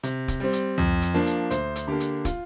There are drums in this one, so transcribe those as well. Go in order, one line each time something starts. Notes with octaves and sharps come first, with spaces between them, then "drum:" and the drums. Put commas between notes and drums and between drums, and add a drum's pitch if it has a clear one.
C3, drum: hi-hat
drum: kick, hi-hat
G3 C4
drum: hi-hat
F2, drum: tom
drum: hi-hat
F3 A#3 D4
drum: hi-hat
D2 C5, drum: hi-hat
drum: hi-hat
D3 A#3 D4 G4
drum: hi-hat
F4, drum: kick, hi-hat